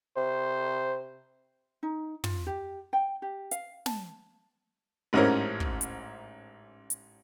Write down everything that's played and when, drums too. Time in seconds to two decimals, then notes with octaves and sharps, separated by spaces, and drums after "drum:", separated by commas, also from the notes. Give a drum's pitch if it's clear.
0.17 C3 C5
1.83 D#4
2.24 F4, drum: tom
2.47 G4
2.93 G5
3.22 G4
3.51 F5, drum: hi-hat
3.86 A5, drum: snare
5.13 A1 G#2 C4 C#4 E4 A#4
5.60 drum: kick
5.81 drum: hi-hat
6.90 drum: hi-hat